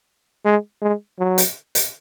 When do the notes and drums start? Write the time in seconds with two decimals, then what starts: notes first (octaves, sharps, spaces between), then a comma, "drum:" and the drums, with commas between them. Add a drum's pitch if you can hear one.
0.45 G#3
0.82 G#3
1.19 F#3
1.38 drum: hi-hat
1.75 drum: hi-hat